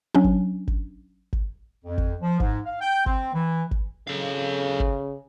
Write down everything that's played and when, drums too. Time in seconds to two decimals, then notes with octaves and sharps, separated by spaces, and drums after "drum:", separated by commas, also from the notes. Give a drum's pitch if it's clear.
0.15 F#3 C#4 D4
0.24 drum: kick G#1
0.68 drum: kick G#1
1.33 drum: kick G#1
1.85 F2
1.98 drum: kick G#1
2.22 F3
2.40 G#2, drum: kick G#1
2.66 F5
2.81 G5
3.06 C4, drum: kick G#1
3.33 E3
3.71 drum: kick G#1
4.07 C#3 A4 F5
4.80 drum: kick G#1